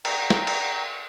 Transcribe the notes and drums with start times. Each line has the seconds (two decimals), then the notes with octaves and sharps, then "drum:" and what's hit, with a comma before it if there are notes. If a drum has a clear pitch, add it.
0.05 G5 A#5, drum: cymbal
0.30 drum: snare
0.47 drum: cymbal